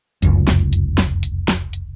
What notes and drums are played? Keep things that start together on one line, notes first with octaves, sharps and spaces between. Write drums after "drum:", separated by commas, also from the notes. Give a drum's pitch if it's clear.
F1 C#2 F#2, drum: hi-hat
drum: snare
drum: hi-hat
drum: snare
drum: hi-hat
drum: snare
drum: hi-hat